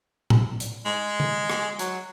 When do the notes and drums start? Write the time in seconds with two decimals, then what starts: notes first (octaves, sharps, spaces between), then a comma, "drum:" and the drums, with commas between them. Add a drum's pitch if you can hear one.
0.30 drum: tom A2
0.60 drum: hi-hat
0.85 G#3
1.20 drum: tom D3
1.50 drum: rim click
1.79 F#3, drum: hi-hat